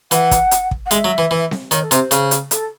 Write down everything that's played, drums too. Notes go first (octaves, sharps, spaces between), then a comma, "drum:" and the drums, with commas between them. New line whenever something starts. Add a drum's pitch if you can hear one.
E3 F#5, drum: hi-hat
drum: kick, hi-hat
drum: hi-hat
drum: kick
F#5
G#3 E5, drum: hi-hat
F#3
E3
E3
drum: snare C4
D#3 C#5, drum: hi-hat
A4
C3 C5, drum: hi-hat
C#3, drum: hi-hat
drum: hi-hat
A4, drum: hi-hat